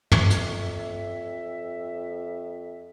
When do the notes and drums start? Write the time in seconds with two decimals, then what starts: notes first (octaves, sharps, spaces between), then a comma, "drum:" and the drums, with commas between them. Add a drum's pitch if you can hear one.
0.12 F2 E5, drum: tom
0.30 drum: hi-hat